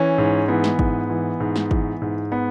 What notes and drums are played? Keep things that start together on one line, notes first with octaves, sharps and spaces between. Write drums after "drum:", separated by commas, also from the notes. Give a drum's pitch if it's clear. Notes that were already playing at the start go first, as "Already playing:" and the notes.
Already playing: E3 C#4
G#2
E3 B3
drum: snare
G#2, drum: kick
E3
G#2
drum: snare
E3, drum: kick
G#2
B3